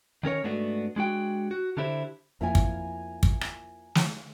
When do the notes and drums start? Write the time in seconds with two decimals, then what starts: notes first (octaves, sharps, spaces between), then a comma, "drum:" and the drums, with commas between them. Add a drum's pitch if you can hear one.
0.23 D#3 C#4 A#4 C#5
0.44 G#2 A3 B3 D4 F#4
0.96 G#3 D4 F#4 G5
1.51 F#4
1.77 D3 D4 E4 G4 C5
2.41 F2 A#3 E4 F4 G#5 A#5
2.55 drum: kick
3.23 drum: kick
3.41 drum: rim click
3.95 drum: snare